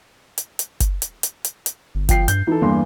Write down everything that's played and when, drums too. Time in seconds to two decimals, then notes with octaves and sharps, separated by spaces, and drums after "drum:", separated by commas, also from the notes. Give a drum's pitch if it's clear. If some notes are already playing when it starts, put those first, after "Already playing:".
0.38 drum: hi-hat
0.59 drum: hi-hat
0.80 drum: kick F#1, hi-hat
1.02 drum: hi-hat
1.23 drum: hi-hat
1.45 drum: hi-hat
1.66 drum: hi-hat
1.95 G1
2.09 F3 G5 C7, drum: kick F#1, hi-hat
2.28 G2 G6, drum: hi-hat
2.47 E3 D#4 A4
2.62 E2 G2 A#3 C6